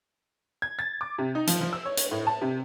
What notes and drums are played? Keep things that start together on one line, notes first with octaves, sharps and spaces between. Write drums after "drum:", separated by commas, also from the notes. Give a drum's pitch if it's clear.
G#6
A6
D6
C3
D#4
F3, drum: hi-hat
F3
E6
C#5
drum: hi-hat
A2
A5
C3